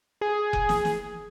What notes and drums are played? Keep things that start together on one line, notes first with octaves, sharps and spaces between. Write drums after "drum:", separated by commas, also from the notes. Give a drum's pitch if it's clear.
G#4
drum: kick F1
drum: snare
drum: snare